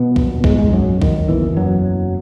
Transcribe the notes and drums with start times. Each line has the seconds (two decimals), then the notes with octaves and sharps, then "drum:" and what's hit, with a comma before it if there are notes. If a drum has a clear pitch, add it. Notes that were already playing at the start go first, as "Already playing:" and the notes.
Already playing: B2 B3
0.16 A#1 A#2, drum: kick B1
0.44 G#2 G#3, drum: kick B1
0.58 G#2 G#3
0.72 F#2 F#3
1.02 D#3, drum: kick B1
1.29 F#1 E2 B2 E3
1.57 F#2 F#3